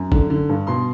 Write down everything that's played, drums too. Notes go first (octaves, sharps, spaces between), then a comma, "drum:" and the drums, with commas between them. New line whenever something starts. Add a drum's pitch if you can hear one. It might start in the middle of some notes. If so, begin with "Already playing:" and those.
Already playing: F#2
D3, drum: kick
D3
G2
B2 C6